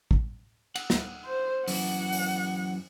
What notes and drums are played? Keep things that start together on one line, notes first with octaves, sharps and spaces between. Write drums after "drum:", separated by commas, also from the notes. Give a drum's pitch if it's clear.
drum: kick
F#5, drum: cymbal
drum: snare
C5
F#2 E3 F#5, drum: open hi-hat
drum: open hi-hat